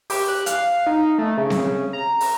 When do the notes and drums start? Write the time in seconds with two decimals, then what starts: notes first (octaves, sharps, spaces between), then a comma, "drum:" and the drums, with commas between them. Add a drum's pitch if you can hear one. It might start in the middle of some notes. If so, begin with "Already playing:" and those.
0.10 G4, drum: open hi-hat
0.28 F#6
0.46 F5, drum: hi-hat
0.87 D#4
1.18 A3
1.38 C#3
1.50 drum: snare C4
1.93 A#5
2.21 drum: open hi-hat